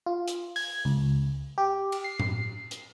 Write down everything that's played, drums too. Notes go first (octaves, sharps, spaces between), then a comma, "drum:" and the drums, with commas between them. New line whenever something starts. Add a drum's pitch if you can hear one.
F4
drum: hi-hat
G#6, drum: open hi-hat
C#2
G4
drum: cymbal
C7
drum: tom A2
drum: hi-hat